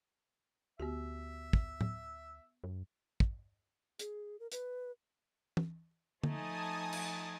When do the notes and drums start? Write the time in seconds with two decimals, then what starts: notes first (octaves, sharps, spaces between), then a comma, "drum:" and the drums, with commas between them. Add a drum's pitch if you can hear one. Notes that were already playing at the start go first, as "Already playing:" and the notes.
0.80 D2 B3 F#4 G4 E5
1.53 drum: kick
1.81 drum: tom A2
2.64 F#2
3.20 drum: kick
3.99 G#4, drum: hi-hat
4.40 A#4
4.52 B4, drum: hi-hat
5.57 drum: tom
6.24 F3 A3 D#4 G#5 A5 D#6, drum: tom D3
6.93 drum: cymbal